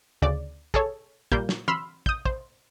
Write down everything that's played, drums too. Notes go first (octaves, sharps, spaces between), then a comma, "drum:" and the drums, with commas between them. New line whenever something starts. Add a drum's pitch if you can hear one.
D2 C#3 D5
G#4 A4 C#5, drum: kick
A#2 G3 A#3 G6, drum: kick
drum: snare
B5 C6 E6 F6, drum: tom
D#6 G6, drum: kick
C5, drum: kick